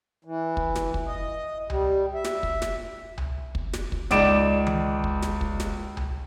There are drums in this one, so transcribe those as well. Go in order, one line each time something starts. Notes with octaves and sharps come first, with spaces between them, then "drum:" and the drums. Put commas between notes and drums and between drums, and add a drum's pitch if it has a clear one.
E3
drum: kick
drum: snare
drum: kick
D#5
G3, drum: tom C2
E5
drum: snare
drum: kick
drum: snare
drum: tom C2
drum: kick
drum: snare
drum: kick
C#2 D#4 D5 D7 E7, drum: snare
drum: tom D#3
drum: kick
drum: snare
drum: kick
drum: snare
drum: tom C2